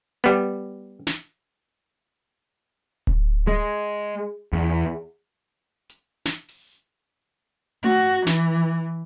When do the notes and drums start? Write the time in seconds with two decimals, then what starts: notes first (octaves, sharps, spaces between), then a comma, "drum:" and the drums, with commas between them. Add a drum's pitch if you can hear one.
0.24 G3 B3
1.07 drum: snare
3.07 drum: kick D1
3.47 G#3
4.53 E2
5.89 drum: hi-hat
6.25 drum: snare
6.49 drum: open hi-hat
7.84 F#4, drum: tom A3
8.27 E3, drum: snare